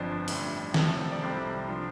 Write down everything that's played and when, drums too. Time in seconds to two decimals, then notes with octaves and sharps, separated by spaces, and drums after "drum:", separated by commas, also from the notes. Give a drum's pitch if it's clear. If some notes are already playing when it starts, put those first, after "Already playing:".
Already playing: G1 F2 F3 D4 C5
0.28 A1 A2 G3 D4, drum: open hi-hat
0.74 F2 C3 F3 A3 C4 A4, drum: snare
1.11 D5
1.21 C2 C3 G3 C4 C5
1.68 F3 D4